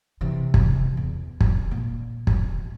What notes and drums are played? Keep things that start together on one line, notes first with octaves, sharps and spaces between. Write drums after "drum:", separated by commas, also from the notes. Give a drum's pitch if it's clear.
C3 E3
drum: kick
E2
drum: kick
A#2 A#3
drum: kick